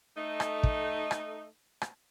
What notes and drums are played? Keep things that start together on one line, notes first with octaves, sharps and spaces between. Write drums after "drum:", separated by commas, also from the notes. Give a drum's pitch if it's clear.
A3 D#4
drum: rim click
drum: kick
drum: rim click
drum: rim click